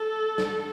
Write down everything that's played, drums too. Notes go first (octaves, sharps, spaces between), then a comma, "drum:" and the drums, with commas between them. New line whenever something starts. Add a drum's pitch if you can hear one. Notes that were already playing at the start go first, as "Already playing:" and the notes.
Already playing: A4
drum: snare